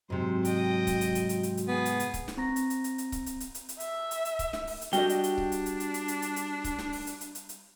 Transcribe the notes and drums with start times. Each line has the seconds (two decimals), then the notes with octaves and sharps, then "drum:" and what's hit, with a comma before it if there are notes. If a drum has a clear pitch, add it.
0.10 G#2 C3 F#3 C5
0.45 D#5 G5, drum: hi-hat
0.87 drum: kick C#1, hi-hat
1.01 drum: hi-hat
1.15 drum: hi-hat
1.29 drum: hi-hat
1.43 drum: hi-hat
1.57 drum: hi-hat
1.68 B3 G#4
1.86 drum: hi-hat
2.00 drum: hi-hat
2.14 drum: kick C#1, hi-hat
2.28 drum: snare
2.37 C4 A#5 A#6
2.56 drum: hi-hat
2.70 drum: hi-hat
2.84 drum: hi-hat
2.98 drum: hi-hat
3.12 drum: kick C#1, hi-hat
3.26 drum: hi-hat
3.40 drum: hi-hat
3.55 drum: hi-hat
3.69 drum: hi-hat
3.80 E5, drum: hi-hat
4.11 drum: hi-hat
4.25 drum: hi-hat
4.39 drum: kick C#1, hi-hat
4.53 drum: snare
4.67 drum: open hi-hat
4.81 drum: hi-hat
4.93 G3 D4 F#4 D#5 G5, drum: hi-hat
5.09 drum: hi-hat
5.24 drum: hi-hat
5.38 drum: kick C#1
5.52 drum: hi-hat
5.66 drum: hi-hat
5.80 drum: hi-hat
5.94 drum: hi-hat
6.08 drum: hi-hat
6.22 drum: hi-hat
6.36 drum: hi-hat
6.64 drum: kick C#1, hi-hat
6.79 drum: snare
6.93 drum: open hi-hat
7.07 drum: hi-hat
7.21 drum: hi-hat
7.35 drum: hi-hat
7.49 drum: hi-hat